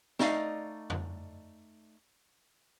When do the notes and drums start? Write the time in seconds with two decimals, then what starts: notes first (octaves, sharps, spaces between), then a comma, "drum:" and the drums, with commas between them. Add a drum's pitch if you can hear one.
0.19 A3 D#4 D5 D#5 F5, drum: snare
0.90 drum: tom F2